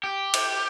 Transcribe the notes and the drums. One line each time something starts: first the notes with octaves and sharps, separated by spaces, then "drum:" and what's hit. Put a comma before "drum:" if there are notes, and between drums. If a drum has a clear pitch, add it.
G4
drum: cymbal